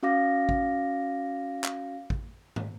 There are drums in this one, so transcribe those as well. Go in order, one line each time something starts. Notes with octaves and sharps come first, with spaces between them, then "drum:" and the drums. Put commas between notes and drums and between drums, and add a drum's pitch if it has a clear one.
C#4 F#4 F5 D6 A#6
drum: kick
drum: clap
drum: kick
drum: tom